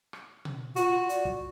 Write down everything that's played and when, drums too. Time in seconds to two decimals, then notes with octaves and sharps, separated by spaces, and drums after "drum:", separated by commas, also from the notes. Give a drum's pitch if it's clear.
0.13 drum: rim click
0.45 drum: tom B2
0.76 F4 F#4, drum: hi-hat
1.09 D5, drum: hi-hat
1.25 drum: kick